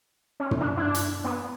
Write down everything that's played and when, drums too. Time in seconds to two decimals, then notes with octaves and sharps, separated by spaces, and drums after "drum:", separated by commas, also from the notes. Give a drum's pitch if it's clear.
0.40 C#4
0.51 drum: tom
0.60 D4
0.77 E4
0.82 D4
0.94 drum: hi-hat
1.24 B3